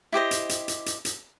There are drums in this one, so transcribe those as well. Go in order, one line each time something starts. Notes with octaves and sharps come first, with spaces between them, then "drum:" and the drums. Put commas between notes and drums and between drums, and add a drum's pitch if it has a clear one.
E4 G4 C5 D#5
drum: hi-hat
drum: hi-hat
drum: hi-hat
drum: hi-hat
drum: hi-hat